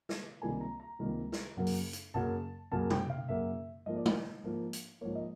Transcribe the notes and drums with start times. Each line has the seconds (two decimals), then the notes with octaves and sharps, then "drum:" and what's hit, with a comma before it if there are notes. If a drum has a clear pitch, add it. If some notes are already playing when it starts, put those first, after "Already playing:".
0.09 drum: snare
0.42 C#2 C3 D#3 G3 A#3 G#5
0.61 A#5
0.80 A#5
0.99 C#2 C3 D#3 G3 A#3
1.32 drum: snare
1.57 F#2 C#3 F#3 A#3
1.67 drum: open hi-hat
1.93 drum: hi-hat
2.14 F#2 C#3 F#3 A#3 A5
2.71 F#2 C#3 F#3 A#3 A5
2.90 G5, drum: tom B2
3.10 F5
3.28 F#2 C#3 F#3 A#3 E5
3.86 G#2 F3 A#3 D#5
3.96 D5
4.06 D#5, drum: tom G#3
4.43 G#2 F3 A#3
4.73 drum: hi-hat
5.01 G#2 F3 A#3 C#5
5.15 D#5